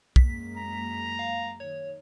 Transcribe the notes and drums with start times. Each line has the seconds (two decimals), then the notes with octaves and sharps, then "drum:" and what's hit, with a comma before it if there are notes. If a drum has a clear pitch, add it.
0.16 F#2 G#3 A#3 B6, drum: kick
0.57 A#5
1.19 F5
1.60 D#3 C#5